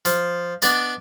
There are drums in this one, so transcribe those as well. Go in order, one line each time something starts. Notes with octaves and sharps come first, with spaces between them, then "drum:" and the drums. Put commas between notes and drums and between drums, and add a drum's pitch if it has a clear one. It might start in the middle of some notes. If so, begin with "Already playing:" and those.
F3, drum: hi-hat
B3 D4 D5 D#5, drum: hi-hat